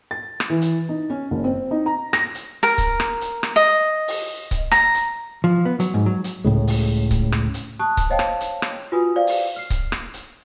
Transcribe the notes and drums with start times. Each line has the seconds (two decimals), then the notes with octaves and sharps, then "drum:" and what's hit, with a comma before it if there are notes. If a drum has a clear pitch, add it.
0.11 A6
0.40 drum: rim click
0.50 E3
0.62 drum: hi-hat
0.89 D#4
1.10 C#4
1.31 F#1
1.44 C4
1.71 D#4
1.86 A#5
2.13 A#6, drum: rim click
2.35 drum: hi-hat
2.63 A#4
2.78 drum: kick C#1, hi-hat
3.00 drum: rim click
3.21 drum: hi-hat
3.43 drum: rim click
3.56 D#5
4.08 drum: open hi-hat
4.51 drum: kick C#1, hi-hat
4.71 A#5, drum: rim click
4.94 drum: hi-hat
5.44 F3
5.65 B3
5.80 F#3, drum: hi-hat
5.94 G#2
6.06 F#3
6.24 drum: hi-hat
6.45 C#2 A2 C#3 G#3
6.67 drum: open hi-hat
7.11 drum: kick C#1, hi-hat
7.32 drum: rim click
7.54 drum: hi-hat
7.80 A5 C#6 D#6 F#6
7.97 drum: kick C#1, hi-hat
8.10 C5 C#5 D#5 F5 G5 A5
8.19 drum: rim click
8.41 drum: hi-hat
8.62 drum: rim click
8.92 F4 F#4 B4 G#5 D#6
9.16 C5 D5 F5
9.27 drum: open hi-hat
9.56 F6 C7
9.70 drum: kick C#1, hi-hat
9.92 drum: rim click
10.14 drum: hi-hat